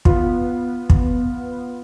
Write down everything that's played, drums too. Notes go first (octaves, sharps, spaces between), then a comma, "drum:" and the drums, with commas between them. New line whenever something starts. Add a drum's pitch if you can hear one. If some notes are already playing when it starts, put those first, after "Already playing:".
B3 F4, drum: kick
drum: kick